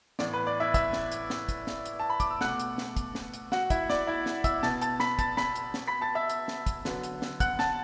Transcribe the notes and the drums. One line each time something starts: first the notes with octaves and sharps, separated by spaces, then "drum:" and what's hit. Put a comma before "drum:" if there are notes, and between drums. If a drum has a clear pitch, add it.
A2 E3 B3 D5, drum: snare
B4
D5
E4 E5
E5 E6, drum: kick, hi-hat
drum: snare
drum: hi-hat
drum: snare
drum: kick, hi-hat
drum: snare
drum: hi-hat
A5
B5
D6, drum: kick, hi-hat
E6
B2 A3 F#5 F#6, drum: snare
drum: hi-hat
drum: snare
drum: kick, hi-hat
drum: snare
drum: hi-hat
F#4 F#5, drum: snare
E4 E5, drum: kick, hi-hat
D5, drum: snare
E4 E5
drum: snare
E5 E6, drum: kick, hi-hat
B2 B3 A5 A6, drum: snare
A5 A6, drum: hi-hat
B5 B6, drum: snare
A5 A6, drum: kick, hi-hat
B5 B6, drum: snare
drum: hi-hat
drum: snare
B5 B6
A5 A6
E5 E6
drum: hi-hat
drum: snare
drum: kick, hi-hat
D3 F#3 B3, drum: snare
drum: hi-hat
drum: snare
F#5 F#6, drum: kick, hi-hat
A5 A6, drum: snare